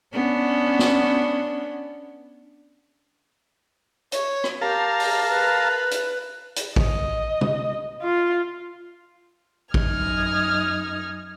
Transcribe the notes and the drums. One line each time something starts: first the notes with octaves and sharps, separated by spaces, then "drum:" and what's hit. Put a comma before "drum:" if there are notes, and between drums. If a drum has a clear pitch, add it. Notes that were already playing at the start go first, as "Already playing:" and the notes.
B3 C#4 D4
drum: snare
C#5, drum: hi-hat
drum: rim click
G4 A#4 F5 A5
drum: open hi-hat
B4
drum: hi-hat
drum: hi-hat
D#5, drum: kick
drum: tom
F4
F#2 D#4 D#6 F6 G#6, drum: kick